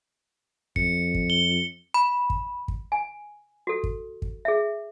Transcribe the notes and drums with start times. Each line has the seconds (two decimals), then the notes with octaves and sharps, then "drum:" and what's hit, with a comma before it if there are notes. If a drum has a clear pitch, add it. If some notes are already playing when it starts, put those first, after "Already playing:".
0.76 F2 C#7, drum: kick
1.14 drum: kick
1.30 G7
1.94 B5
2.30 drum: kick
2.68 drum: kick
2.92 G#5
3.67 F#4 A4
3.84 drum: kick
4.22 drum: kick
4.45 G#4 E5